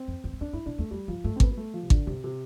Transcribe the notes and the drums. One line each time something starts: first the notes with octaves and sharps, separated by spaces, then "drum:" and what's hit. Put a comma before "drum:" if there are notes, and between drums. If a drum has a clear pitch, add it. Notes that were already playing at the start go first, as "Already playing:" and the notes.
Already playing: C4
F2
E2
G2
F2 D4
G2 E4
B2 D4
E2 A3
F2 G3
G2 F3
G2 A3
C4
G2 B3, drum: kick G#1
B3
A3
F3
C3
A2 D3, drum: kick G#1
G2 C3
C3